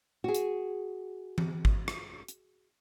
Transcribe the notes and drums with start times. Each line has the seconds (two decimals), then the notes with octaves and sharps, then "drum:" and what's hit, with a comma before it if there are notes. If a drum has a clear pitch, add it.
0.24 F#4 G#4
0.34 drum: hi-hat
1.38 drum: tom E3
1.65 drum: kick G#1
1.88 drum: rim click
2.28 drum: hi-hat